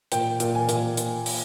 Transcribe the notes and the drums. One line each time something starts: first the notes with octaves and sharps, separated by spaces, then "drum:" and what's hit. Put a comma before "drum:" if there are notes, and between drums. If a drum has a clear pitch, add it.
A#2 G5, drum: hi-hat
A#2, drum: hi-hat
G#5
A#2, drum: hi-hat
drum: hi-hat
drum: open hi-hat